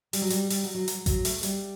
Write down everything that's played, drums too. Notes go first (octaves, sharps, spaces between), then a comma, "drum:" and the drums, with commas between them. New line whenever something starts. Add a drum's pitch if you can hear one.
G3, drum: open hi-hat
F#3
G3, drum: hi-hat
G3, drum: open hi-hat
F#3
F#3
F#3, drum: hi-hat
F#3, drum: kick A1, hi-hat
A3, drum: open hi-hat
G3, drum: hi-hat